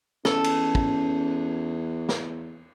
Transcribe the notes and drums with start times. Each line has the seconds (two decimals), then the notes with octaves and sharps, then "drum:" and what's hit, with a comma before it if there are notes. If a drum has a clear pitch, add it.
0.25 E2 C#4 A4, drum: snare
0.44 drum: cymbal
0.75 drum: kick
2.09 drum: snare